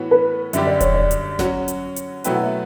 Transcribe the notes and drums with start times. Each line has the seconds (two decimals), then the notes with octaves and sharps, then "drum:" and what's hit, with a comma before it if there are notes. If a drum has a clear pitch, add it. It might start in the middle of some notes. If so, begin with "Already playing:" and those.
Already playing: A2 E3 B3 F#4 C#5
0.11 B4
0.53 F#2 D3 G3 D4 G4 E5, drum: hi-hat
0.67 D5
0.80 C#5, drum: kick E1, hi-hat
0.94 D5
1.11 drum: hi-hat
1.39 F#3 C#4 F#4 C#5, drum: snare G#1
1.68 drum: hi-hat
1.96 drum: hi-hat
2.24 B2 F#3 A3 E4 B4 G5, drum: hi-hat
2.34 F#5
2.43 E5